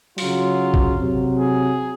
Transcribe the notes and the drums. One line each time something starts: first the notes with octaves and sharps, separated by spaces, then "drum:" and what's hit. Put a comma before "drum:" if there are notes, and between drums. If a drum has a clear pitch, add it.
C#3 F#3 F4, drum: open hi-hat
drum: kick G#1
C3 F#3
G#4